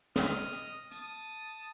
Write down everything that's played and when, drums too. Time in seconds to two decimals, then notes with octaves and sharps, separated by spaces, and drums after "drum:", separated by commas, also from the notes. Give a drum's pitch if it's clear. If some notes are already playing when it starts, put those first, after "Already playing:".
0.16 D#5 F6, drum: snare
0.91 A5 D#6, drum: hi-hat